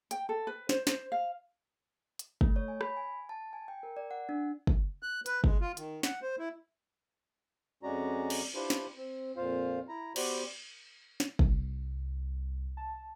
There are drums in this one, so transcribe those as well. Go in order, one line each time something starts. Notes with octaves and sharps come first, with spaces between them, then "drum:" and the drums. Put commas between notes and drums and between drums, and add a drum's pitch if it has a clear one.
G5, drum: hi-hat
A4
B4
C5, drum: snare
C5, drum: snare
F5
drum: hi-hat
A3, drum: kick
C#5
G#5
B5, drum: rim click
G#5
A5
G#5
G5
A#4
D5
F#5
D4
drum: kick
F#6
B4, drum: hi-hat
G#3, drum: kick
F4
D#3, drum: hi-hat
F#5, drum: snare
C5
E4
F2 G#3 C#4 F#4 D5 A#5
drum: cymbal
D4 E4 F4 G4 B4 C5
drum: snare
C4
F2 A#2 F4 C5 F5
E4 A#5
B3 F#4 G4 B4 C5 D5, drum: cymbal
drum: snare
C2, drum: kick
A5